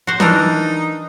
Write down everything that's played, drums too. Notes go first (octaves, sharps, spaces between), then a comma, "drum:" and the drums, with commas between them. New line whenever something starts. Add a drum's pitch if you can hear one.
F#4 C5
E3 D4 D#4 A#4, drum: tom E3